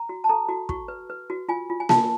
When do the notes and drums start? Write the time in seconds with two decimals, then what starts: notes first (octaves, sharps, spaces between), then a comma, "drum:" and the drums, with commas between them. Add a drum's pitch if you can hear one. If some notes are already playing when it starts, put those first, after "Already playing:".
Already playing: A#5
0.09 F#4
0.24 A5
0.29 A4 A#5
0.49 F#4
0.69 F#4 C#6, drum: kick
0.88 B4
1.10 B4
1.30 F#4
1.49 F4 G#5
1.70 F4
1.80 G#5
1.89 F4 A5, drum: snare A#3